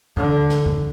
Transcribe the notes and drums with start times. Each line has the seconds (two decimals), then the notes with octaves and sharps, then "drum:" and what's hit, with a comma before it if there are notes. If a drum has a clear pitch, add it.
0.17 D3, drum: kick C#2
0.50 drum: snare
0.66 drum: kick C#2